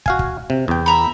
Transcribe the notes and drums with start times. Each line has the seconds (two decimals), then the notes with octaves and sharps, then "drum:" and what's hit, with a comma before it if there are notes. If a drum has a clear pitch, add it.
0.06 F#4 F5 G#5, drum: kick
0.19 drum: kick
0.50 C3
0.68 E2 G5
0.86 E5 A#5 B5